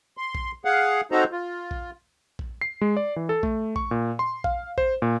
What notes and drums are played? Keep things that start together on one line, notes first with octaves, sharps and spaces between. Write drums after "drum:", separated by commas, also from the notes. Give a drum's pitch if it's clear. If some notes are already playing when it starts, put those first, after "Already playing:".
C6
drum: kick A#1
G#4 F5 F#5
C4 D#4 F#4 A4 C5 A#5
F4
drum: kick A#1
drum: kick A#1
C7
G#3
D5
E3
A4
A3, drum: kick A#1
C#6, drum: kick A#1
A#2
C6
F5, drum: kick A#1
C5, drum: kick A#1
A#2